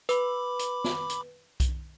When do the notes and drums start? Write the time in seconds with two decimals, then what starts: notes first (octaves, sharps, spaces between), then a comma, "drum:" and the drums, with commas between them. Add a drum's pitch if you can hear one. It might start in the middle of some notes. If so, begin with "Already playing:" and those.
0.09 B4 B5 D6, drum: hi-hat
0.59 drum: hi-hat
0.84 drum: snare
1.10 drum: hi-hat
1.60 drum: kick B1, hi-hat